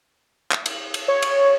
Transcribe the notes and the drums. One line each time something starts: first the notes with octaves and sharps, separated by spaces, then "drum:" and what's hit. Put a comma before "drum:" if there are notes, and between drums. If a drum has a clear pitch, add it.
drum: clap
drum: cymbal
drum: cymbal
C#5
drum: cymbal